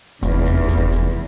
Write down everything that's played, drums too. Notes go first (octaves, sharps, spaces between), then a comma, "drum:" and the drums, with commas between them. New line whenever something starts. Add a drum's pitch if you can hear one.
F1 E2, drum: hi-hat
drum: hi-hat
drum: kick, hi-hat
drum: hi-hat